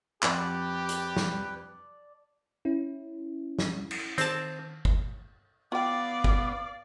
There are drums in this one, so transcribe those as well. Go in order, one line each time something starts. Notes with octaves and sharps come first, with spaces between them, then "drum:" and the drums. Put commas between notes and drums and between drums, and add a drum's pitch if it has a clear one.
F2 G4 B4 D5 A5, drum: clap
drum: hi-hat
drum: snare
C#4 E4
drum: snare
drum: cymbal
D#3 C4 A5, drum: hi-hat
drum: kick
B3 F4 D5 F5 G5 D6
drum: kick